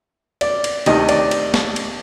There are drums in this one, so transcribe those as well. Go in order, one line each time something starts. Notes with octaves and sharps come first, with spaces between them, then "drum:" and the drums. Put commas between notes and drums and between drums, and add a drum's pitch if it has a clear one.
D5, drum: cymbal
drum: cymbal
D2 C3 D#3 D#5, drum: cymbal
D5, drum: cymbal
drum: cymbal
drum: snare
drum: cymbal